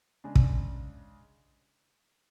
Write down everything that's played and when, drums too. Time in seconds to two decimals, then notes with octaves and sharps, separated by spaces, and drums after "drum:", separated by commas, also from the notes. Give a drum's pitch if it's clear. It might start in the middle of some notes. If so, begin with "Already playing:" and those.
0.24 C#3 G#3 D4
0.35 drum: kick